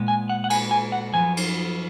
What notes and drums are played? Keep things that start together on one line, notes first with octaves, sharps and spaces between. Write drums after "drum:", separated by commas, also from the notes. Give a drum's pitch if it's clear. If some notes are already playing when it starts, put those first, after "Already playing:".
Already playing: A#2 G#3 B3
G#5
F#5
F#5
G#5, drum: cymbal
G#5
F#5
F#2 F3 B3 G#5
drum: cymbal